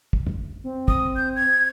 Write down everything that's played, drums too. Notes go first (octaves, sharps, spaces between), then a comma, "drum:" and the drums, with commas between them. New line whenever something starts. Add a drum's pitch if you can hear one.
drum: kick
drum: tom F2
C4
D#6, drum: kick
G6
G#6